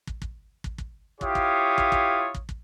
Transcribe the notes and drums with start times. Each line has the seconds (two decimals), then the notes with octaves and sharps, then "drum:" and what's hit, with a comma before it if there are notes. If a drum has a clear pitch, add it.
0.07 drum: kick
0.22 drum: kick
0.64 drum: kick
0.78 drum: kick
1.21 E4 F4 G4 C#5 F5 D#6, drum: kick
1.35 drum: kick
1.78 drum: kick
1.92 drum: kick
2.35 drum: kick
2.49 drum: kick